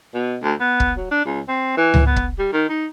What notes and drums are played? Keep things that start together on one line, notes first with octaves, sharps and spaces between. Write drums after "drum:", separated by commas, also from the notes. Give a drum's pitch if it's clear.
B2
D2
B3
drum: kick
F#3
D4
C#2
C4
E3
drum: tom C#2
B3
drum: kick
G3
D#3
D#4